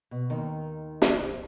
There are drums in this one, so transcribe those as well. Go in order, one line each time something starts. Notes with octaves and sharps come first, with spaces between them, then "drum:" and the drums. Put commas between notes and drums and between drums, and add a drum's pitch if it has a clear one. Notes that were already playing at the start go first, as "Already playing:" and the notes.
B2
D#2 D#3
drum: snare
F2 F3